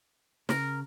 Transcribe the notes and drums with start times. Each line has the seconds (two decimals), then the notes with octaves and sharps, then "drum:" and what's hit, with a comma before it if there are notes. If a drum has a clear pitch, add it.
0.49 C#3 A#4, drum: snare